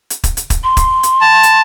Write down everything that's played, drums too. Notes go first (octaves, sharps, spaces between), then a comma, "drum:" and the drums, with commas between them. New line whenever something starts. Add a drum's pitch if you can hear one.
drum: hi-hat
drum: kick, hi-hat
drum: hi-hat
drum: kick, hi-hat
C6
drum: kick, hi-hat
drum: hi-hat
A5
drum: hi-hat